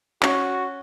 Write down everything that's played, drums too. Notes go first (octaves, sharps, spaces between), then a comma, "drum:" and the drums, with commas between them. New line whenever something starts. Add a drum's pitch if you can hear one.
C#4 F#4, drum: clap